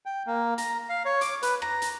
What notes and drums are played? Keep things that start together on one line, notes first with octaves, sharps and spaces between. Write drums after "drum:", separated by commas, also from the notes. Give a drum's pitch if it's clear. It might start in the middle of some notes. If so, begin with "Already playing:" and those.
G5
A#3
A#5, drum: hi-hat
F5
C#5
D6, drum: hi-hat
B4, drum: hi-hat
A#5, drum: rim click
drum: hi-hat